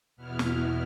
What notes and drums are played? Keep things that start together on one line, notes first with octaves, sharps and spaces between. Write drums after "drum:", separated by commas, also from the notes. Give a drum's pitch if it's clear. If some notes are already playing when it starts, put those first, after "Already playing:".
E2 B2 B3 E4 F6
drum: snare